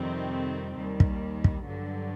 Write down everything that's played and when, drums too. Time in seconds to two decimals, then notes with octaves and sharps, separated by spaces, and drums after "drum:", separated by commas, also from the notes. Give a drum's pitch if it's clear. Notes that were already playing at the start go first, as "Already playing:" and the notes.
Already playing: F2 C3 D#3 G3 C4
0.78 D#2 D#3 G3
1.00 drum: kick
1.44 drum: kick
1.67 G2 D3 F#3